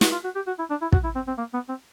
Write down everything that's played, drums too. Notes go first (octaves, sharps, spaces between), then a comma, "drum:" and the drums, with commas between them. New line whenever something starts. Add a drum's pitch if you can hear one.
F#4, drum: snare
F4
F#4
G4
F#4
E4
D4
E4
F#4, drum: kick
E4
C4
C4
A#3
B3
C4